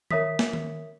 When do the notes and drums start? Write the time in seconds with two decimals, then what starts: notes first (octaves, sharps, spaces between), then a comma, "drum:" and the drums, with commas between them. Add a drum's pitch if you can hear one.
0.11 A#4 C#5 E5 D#6 B6, drum: tom D#3
0.39 drum: snare
0.53 drum: tom D#3